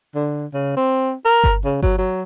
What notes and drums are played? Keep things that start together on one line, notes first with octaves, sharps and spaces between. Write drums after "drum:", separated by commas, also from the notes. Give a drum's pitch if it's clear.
D3
C#3
C4
A#4
drum: kick G1
C#3
F#3, drum: kick G1
F#3